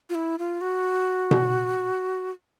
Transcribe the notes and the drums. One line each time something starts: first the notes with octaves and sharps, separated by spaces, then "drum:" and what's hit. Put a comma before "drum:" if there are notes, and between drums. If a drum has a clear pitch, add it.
F4
E4
F4
F#4
drum: tom B2